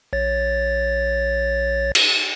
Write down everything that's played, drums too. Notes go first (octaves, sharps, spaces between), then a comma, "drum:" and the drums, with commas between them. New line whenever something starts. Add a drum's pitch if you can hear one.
A#1 C#5 A6
drum: cymbal